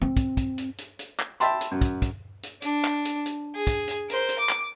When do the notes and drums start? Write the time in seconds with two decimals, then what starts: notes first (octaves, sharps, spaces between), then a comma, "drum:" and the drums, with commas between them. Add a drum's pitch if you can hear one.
0.02 C4
0.17 drum: kick, hi-hat
0.37 drum: kick, hi-hat
0.58 drum: hi-hat
0.78 drum: hi-hat
0.99 drum: hi-hat
1.20 drum: clap
1.40 E5 G5 A5 B5 C6, drum: hi-hat
1.61 drum: hi-hat
1.71 F#2
1.81 drum: kick, hi-hat
2.02 drum: kick, hi-hat
2.43 drum: hi-hat
2.62 D4, drum: hi-hat
2.84 drum: clap
3.05 drum: hi-hat
3.26 drum: hi-hat
3.55 G#4
3.67 drum: kick, hi-hat
3.88 drum: hi-hat
4.10 A#4 C5, drum: hi-hat
4.29 drum: hi-hat
4.39 D6
4.49 drum: clap